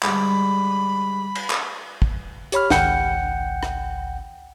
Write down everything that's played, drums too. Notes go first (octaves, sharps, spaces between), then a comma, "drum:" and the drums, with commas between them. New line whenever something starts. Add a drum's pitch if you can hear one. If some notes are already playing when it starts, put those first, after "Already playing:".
G#2 D3 G3 B5, drum: clap
drum: cymbal
drum: clap
drum: kick
G4 C#5 B5 F6, drum: hi-hat
G#1 C#2 F#5 G5 G6 C#7, drum: snare
drum: rim click